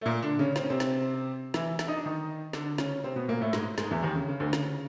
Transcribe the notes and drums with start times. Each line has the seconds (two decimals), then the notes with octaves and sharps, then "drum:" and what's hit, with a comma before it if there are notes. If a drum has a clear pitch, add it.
0.01 A3
0.06 A#2 A#3
0.22 D3 D4
0.39 C#3 C#4
0.56 C4, drum: snare
0.63 C#4
0.70 C3 C4
0.80 drum: snare
1.54 E3 E4, drum: snare
1.79 E4, drum: snare
1.88 D#4
1.96 D4
2.06 D#3 D#4
2.53 D3 D4, drum: snare
2.78 C#3 C#4, drum: snare
3.04 C3 C4
3.16 B2 B3
3.28 A#2 A#3
3.41 A2 A3
3.53 G#2 G#3, drum: snare
3.78 G#2 G#3, drum: snare
3.91 E2 E3
4.02 D#2 D#3
4.15 C#3
4.28 C#3
4.40 D2 D3
4.53 C#3, drum: snare